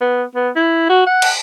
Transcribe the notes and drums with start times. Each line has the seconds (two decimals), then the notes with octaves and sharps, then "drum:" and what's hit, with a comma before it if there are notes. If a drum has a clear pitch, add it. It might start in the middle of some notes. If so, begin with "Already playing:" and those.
0.01 B3
0.35 B3
0.56 E4
0.90 F#4
1.07 F#5
1.22 drum: cymbal